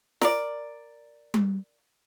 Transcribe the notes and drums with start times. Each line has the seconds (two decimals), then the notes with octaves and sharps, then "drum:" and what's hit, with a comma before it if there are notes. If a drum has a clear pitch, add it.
0.21 A#4 D5, drum: snare
1.34 drum: tom G3